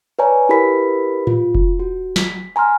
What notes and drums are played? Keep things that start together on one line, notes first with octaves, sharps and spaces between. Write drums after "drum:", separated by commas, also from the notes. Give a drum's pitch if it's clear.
B4 C#5 D5 G#5 A#5
E4 G4 A#4 B4 B5 B6
F4, drum: tom A2
drum: kick F1
F#4
B6, drum: snare
G#5 A#5 C6 F6